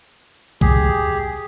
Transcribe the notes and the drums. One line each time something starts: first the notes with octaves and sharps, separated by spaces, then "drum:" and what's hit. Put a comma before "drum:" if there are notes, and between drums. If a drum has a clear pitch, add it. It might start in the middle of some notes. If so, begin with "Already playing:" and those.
G4 G#4, drum: kick